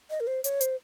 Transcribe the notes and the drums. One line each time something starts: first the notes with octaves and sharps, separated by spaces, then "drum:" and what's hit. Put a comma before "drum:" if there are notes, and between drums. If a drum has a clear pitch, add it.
D#5
A#4
C5
C#5, drum: hi-hat
C5, drum: hi-hat